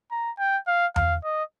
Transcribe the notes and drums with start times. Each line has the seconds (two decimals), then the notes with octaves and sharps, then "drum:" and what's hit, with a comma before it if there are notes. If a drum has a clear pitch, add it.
0.12 A#5
0.39 G5
0.67 F5
0.96 F5, drum: tom E2
1.24 D#5